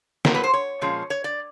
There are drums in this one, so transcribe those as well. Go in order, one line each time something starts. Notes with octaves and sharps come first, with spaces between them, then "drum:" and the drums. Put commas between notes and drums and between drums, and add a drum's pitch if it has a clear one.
A2 F#3 A#3 A#4, drum: snare
B4
C5
C#5
A#2 F3 G#3 C#4
C#5
D5